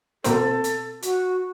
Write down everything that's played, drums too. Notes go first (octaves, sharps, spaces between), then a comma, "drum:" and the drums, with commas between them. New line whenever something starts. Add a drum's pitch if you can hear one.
B2 A#3 C4 A4, drum: hi-hat
drum: hi-hat
F#4, drum: hi-hat